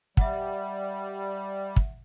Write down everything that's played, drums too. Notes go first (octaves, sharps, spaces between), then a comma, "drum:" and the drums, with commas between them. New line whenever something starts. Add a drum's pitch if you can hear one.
G3 E5 F#5, drum: kick
drum: kick